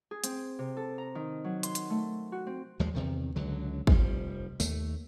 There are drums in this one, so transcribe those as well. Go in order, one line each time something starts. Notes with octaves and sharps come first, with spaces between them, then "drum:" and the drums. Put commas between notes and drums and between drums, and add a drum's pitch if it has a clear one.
G#4
C4, drum: hi-hat
C3
A4
A#5
D#3
F#3
C6, drum: hi-hat
drum: hi-hat
A3
F#4
C4
D#2 F3 G3 G#3
E2 C3 D#3
C#2 D3 F#3
F1 F3 G3, drum: kick
D#2 A3, drum: tambourine